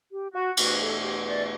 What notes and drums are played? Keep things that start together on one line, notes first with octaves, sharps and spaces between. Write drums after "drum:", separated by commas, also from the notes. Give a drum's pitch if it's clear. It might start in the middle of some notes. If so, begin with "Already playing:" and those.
G4
F#4
E2 B2 A3 F#4, drum: cymbal
A4
G4
D5